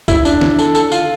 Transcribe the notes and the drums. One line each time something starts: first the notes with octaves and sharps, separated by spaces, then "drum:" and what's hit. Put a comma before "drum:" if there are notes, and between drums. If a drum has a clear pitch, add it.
E4, drum: kick, tambourine
D4, drum: tambourine
drum: snare
A4, drum: tambourine
A4, drum: tambourine
F4, drum: tambourine